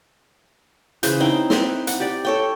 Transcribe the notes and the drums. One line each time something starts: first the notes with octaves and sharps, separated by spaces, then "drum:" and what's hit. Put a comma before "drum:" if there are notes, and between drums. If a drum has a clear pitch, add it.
C#3 E3 B4 C5, drum: hi-hat
C4 D#4 E4 G5
C4 B4 A#5 C6, drum: snare
F#5, drum: hi-hat
G4 D5
A4 C#5 G5